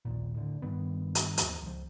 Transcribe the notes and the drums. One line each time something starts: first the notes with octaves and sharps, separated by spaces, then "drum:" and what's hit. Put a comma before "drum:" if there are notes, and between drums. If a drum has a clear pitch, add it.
A#1 D#2 A#2
A2 D3
G2 D#3 B3
drum: hi-hat
D#2 F3, drum: hi-hat
C#2 F3